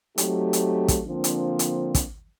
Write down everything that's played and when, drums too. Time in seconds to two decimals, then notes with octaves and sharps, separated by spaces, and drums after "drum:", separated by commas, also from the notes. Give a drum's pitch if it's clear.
0.18 F#3 A3 C4 D#4 G4, drum: hi-hat
0.53 drum: hi-hat
0.88 drum: kick, hi-hat
1.08 D3 F3 A#3 C4 D4
1.24 drum: hi-hat
1.59 drum: hi-hat
1.95 drum: kick, hi-hat